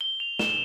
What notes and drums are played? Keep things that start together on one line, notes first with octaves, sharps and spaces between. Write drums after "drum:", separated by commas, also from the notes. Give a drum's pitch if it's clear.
G7
F7
E7, drum: snare